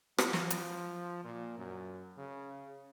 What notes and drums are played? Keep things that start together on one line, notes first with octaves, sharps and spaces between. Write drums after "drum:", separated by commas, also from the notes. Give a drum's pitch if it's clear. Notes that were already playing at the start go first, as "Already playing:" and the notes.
F3, drum: rim click
drum: snare
drum: hi-hat
A#2
F#2
C#3